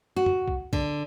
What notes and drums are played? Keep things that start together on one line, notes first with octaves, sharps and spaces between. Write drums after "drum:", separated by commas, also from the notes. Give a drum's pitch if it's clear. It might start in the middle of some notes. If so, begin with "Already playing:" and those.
F#4
drum: tom
drum: kick
D3, drum: kick